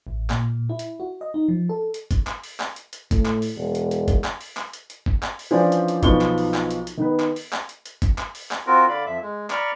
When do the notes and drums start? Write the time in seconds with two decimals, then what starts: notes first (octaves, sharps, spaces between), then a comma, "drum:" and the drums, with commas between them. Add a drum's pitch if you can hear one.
0.07 A1
0.30 A#2, drum: clap
0.69 E4
0.79 drum: hi-hat
1.00 F#4
1.21 D#5
1.34 D#4
1.48 F3
1.69 A4
1.94 drum: hi-hat
2.11 drum: kick F#1, hi-hat
2.27 drum: clap
2.43 drum: open hi-hat
2.60 drum: clap
2.76 drum: hi-hat
2.93 drum: hi-hat
3.11 A2, drum: kick F#1, hi-hat
3.26 drum: clap
3.42 drum: open hi-hat
3.55 E1
3.75 drum: hi-hat
3.91 drum: hi-hat
4.08 drum: kick F#1, hi-hat
4.24 drum: clap
4.41 drum: open hi-hat
4.57 drum: clap
4.73 drum: hi-hat
4.90 drum: hi-hat
5.06 drum: kick F#1
5.23 drum: clap
5.39 drum: open hi-hat
5.51 E3 F3 C#4 D4 C5 D5
5.72 drum: hi-hat
5.88 drum: hi-hat
6.03 B1 F3 B3 D#4 C#6 G7, drum: kick F#1, hi-hat
6.21 drum: clap
6.38 drum: open hi-hat
6.54 drum: clap
6.71 drum: hi-hat
6.87 drum: hi-hat
6.97 D#3 B3 B4
7.20 drum: clap
7.36 drum: open hi-hat
7.53 drum: clap
7.69 drum: hi-hat
7.86 drum: hi-hat
8.02 drum: kick F#1, hi-hat
8.18 drum: clap
8.35 drum: open hi-hat
8.51 drum: clap
8.67 C4 F4 F#4 A#4
8.89 D3 D5 F5 B5
9.06 F2 E5
9.21 G#3
9.50 D5 A#5 B5 C#6 F6, drum: clap